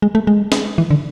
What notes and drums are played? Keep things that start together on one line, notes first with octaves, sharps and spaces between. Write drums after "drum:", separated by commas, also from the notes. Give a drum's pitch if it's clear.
G#3
A3
G#3
drum: snare
E3
D3